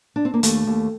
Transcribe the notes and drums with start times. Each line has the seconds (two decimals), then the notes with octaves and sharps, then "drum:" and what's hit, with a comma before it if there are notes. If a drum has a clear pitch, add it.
0.16 D4
0.25 C4
0.34 A#3
0.43 D#2 A3, drum: hi-hat
0.67 D#2